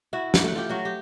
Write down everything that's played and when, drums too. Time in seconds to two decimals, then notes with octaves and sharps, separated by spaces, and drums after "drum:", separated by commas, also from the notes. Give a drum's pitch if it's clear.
0.13 E4 F#4
0.34 drum: snare
0.43 A3 F#5
0.56 F4 G4
0.69 F#3 F#4
0.85 G4